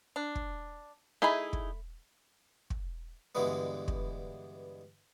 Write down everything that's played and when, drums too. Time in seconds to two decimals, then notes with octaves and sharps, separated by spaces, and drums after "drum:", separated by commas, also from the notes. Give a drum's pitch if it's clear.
0.16 D4
0.35 drum: kick
1.22 A3 D#4 E4 G#4 B5
1.53 drum: kick
2.70 drum: kick
3.35 G2 B2 D3 E3 G#3 B3
3.88 drum: kick